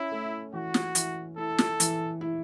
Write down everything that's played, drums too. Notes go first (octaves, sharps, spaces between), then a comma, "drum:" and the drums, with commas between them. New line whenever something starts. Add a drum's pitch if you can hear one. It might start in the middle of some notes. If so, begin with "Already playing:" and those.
Already playing: C#4 E4
A3
E3 F#4
drum: snare
E3, drum: hi-hat
E4 A4
drum: snare
E3, drum: hi-hat
E4